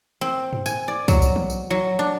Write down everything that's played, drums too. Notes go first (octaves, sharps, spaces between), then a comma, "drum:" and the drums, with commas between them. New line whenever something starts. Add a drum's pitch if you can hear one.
C4
drum: tom G2
G#5, drum: tambourine
D5
F#3, drum: kick, tambourine
drum: tambourine
drum: tom
drum: tambourine
F#3
D4